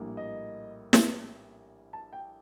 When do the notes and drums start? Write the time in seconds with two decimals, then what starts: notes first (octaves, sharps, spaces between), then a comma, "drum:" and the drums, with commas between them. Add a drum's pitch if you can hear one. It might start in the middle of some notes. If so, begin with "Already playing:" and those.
Already playing: A#1 A2 G3 A#3
0.17 D#5
0.93 drum: snare
1.93 A5
2.13 G5